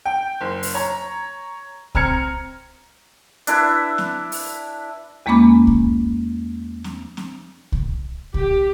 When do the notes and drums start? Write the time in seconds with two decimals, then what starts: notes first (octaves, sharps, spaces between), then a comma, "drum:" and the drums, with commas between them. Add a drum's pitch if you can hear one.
0.05 G5
0.41 F#1
0.63 drum: open hi-hat
0.74 C#5 A#5
1.95 C4 A#5 F6 G#6 C#7, drum: kick C2
3.47 D4 E4 B4 E5, drum: hi-hat
3.98 drum: snare C4
4.32 drum: open hi-hat
5.26 E2 G#3 A#3 C#4 B5 D6
5.67 drum: kick C2
6.84 drum: snare C4
7.17 drum: snare C4
7.72 drum: kick C2
8.34 G4, drum: kick C2